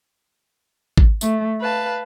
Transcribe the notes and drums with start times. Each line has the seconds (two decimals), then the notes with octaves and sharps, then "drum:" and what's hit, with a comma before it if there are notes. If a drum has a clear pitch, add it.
0.98 drum: kick G#1
1.21 A3, drum: tambourine
1.60 B4 F5 A5